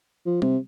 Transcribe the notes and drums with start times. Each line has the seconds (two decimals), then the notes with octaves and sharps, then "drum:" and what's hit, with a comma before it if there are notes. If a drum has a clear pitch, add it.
0.26 F3
0.42 C3, drum: tom G3